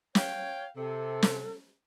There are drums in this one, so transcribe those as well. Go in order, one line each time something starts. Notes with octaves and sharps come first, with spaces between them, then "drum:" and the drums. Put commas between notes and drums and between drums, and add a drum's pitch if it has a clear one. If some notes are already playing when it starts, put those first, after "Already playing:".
C#5 F5 G5, drum: snare
C3 A4
drum: snare